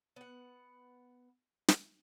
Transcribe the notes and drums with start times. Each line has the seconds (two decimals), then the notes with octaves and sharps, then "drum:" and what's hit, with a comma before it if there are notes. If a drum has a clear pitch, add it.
0.16 B3 F#5
1.68 drum: snare